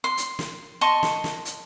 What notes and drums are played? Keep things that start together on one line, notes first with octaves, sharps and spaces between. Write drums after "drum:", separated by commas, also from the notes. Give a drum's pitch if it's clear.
C6
drum: hi-hat
drum: snare
D#5 A5 C6 C#6
drum: snare
drum: snare
drum: hi-hat